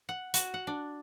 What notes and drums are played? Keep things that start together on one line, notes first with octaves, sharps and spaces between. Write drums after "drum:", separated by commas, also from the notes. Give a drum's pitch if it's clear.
F#5
F#4, drum: hi-hat
F#5
D4